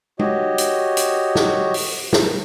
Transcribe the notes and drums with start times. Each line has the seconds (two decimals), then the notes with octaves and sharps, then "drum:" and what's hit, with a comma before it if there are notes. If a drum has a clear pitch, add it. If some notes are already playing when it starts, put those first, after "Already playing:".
0.19 F#4 G4 C#5 D#5, drum: tom G#3
0.58 drum: hi-hat
0.97 drum: hi-hat
1.35 drum: snare
1.74 drum: open hi-hat
2.13 drum: snare